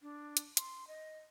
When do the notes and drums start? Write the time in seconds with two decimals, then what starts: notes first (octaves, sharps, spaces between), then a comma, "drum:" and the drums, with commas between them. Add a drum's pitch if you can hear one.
0.01 D4
0.37 drum: hi-hat
0.57 C6, drum: hi-hat
0.88 D#5